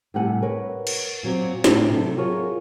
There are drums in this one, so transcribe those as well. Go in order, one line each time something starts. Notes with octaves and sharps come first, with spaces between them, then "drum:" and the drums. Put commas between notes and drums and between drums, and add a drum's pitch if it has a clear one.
A2 C3 G3 F#5 G#5
A#4 B4 C#5 F#5
drum: cymbal
A#2 F#3 C4 D5
A2, drum: snare
C3 F#3 A4
F#3 F4 G#4 A#4 C#5